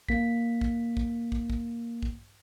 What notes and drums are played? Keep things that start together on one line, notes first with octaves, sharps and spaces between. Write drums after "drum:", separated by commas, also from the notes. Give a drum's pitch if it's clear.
A#3 B6, drum: kick
drum: kick
drum: kick
drum: kick
drum: kick
drum: kick